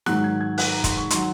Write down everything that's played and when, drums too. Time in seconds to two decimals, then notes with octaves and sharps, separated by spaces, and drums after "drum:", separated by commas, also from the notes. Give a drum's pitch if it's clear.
0.06 G#2 D#3 F#3 F#6, drum: snare
0.24 G#6
0.41 G#6
0.58 F#6, drum: open hi-hat
0.72 A#5
0.84 C6, drum: kick, hi-hat
0.97 C#6
1.10 D#3 F#3 C6, drum: hi-hat